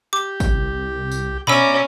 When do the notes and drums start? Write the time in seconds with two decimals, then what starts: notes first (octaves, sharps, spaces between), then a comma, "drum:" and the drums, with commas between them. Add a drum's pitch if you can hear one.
0.13 G4 D6
0.40 drum: kick G#1, tambourine
0.54 C2
1.11 drum: tambourine
1.47 B2 C#4 D5 E5 A#5 B5 D6 E6